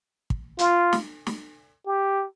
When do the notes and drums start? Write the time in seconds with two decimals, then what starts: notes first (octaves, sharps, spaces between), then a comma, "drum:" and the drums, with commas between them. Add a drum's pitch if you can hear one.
0.30 drum: kick
0.59 F4, drum: hi-hat
0.93 drum: snare
1.27 drum: snare
1.86 G4